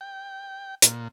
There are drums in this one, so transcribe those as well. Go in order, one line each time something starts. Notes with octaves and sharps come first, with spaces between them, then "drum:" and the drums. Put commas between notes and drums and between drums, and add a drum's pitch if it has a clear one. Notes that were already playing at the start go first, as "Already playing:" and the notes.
G5
A#2, drum: hi-hat